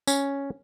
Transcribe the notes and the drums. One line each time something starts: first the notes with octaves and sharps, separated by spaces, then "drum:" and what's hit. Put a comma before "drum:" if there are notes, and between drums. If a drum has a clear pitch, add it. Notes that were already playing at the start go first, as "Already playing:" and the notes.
C#4, drum: tambourine